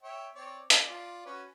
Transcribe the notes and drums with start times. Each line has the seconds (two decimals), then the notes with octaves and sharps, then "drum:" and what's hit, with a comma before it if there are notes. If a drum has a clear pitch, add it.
0.03 C#5 E5 G5
0.35 C4 C#5 D5
0.70 D4, drum: hi-hat
0.89 F4 D5
1.26 C#4 F#4 B4